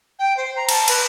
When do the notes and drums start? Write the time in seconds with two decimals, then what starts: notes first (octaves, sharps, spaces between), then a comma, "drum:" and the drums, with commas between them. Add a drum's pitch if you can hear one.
0.19 G5
0.36 C5
0.56 A#5
0.69 A5, drum: cymbal
0.88 B4, drum: cymbal